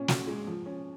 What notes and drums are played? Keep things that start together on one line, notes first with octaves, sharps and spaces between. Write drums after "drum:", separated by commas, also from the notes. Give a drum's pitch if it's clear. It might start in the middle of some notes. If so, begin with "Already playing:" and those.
Already playing: A#2 C#4
F#4, drum: snare
G#3
F3
C#4